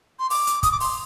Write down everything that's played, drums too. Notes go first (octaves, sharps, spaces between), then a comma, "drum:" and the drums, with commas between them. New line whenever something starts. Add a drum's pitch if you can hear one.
C6
D6, drum: open hi-hat
drum: hi-hat
D#6, drum: kick, hi-hat
D6
C6, drum: open hi-hat